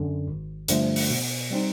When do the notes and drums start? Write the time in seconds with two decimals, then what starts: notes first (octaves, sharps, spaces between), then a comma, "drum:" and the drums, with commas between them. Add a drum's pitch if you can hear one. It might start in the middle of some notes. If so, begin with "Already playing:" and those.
Already playing: F#2 D3
0.28 G#1
0.68 G2 D3 F3 A3, drum: hi-hat
0.96 drum: open hi-hat
1.10 B2
1.51 G3 C4 D#4